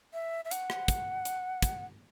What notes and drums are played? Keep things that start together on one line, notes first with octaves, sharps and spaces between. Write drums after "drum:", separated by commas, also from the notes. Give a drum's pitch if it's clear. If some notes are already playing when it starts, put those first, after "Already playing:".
E5
E5
F#5, drum: hi-hat
drum: rim click
drum: kick, hi-hat
drum: hi-hat
drum: kick, hi-hat